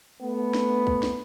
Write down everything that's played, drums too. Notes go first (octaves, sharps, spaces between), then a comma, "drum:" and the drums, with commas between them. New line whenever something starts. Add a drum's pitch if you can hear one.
A3 B3
drum: snare
drum: kick
drum: snare